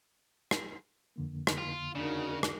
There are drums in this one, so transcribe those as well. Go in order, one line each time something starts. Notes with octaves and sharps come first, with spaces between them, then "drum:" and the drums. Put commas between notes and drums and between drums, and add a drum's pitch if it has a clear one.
drum: rim click
F2 D3 A#3
drum: rim click
F4
C#3 D4 D#4 F#4 A#4
drum: rim click